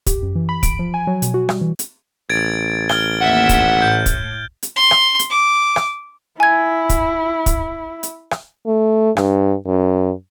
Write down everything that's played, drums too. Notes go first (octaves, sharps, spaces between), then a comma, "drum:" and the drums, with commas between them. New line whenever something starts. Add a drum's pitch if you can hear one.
G4, drum: kick, hi-hat
F#2
E3
B5
D7, drum: kick, hi-hat
F3
G#5
F#3
B2, drum: hi-hat
F#4
G3, drum: rim click
E3
drum: hi-hat
A1 G#6 A6 D7
F6 G#6 G7, drum: rim click
D#2 E5 F#5
drum: kick, hi-hat
A2 G6
drum: kick, hi-hat
drum: hi-hat
C6
drum: rim click
drum: hi-hat
D6
drum: rim click
E4 G#5 G#6
drum: kick, hi-hat
drum: kick, hi-hat
drum: hi-hat
drum: rim click
A3
G2, drum: rim click
F#2